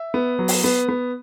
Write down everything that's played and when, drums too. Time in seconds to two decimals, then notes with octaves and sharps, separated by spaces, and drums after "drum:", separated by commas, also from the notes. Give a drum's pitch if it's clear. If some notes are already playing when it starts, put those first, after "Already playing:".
Already playing: E5
0.14 B3
0.39 F#3
0.48 drum: open hi-hat
0.64 B3
0.89 B3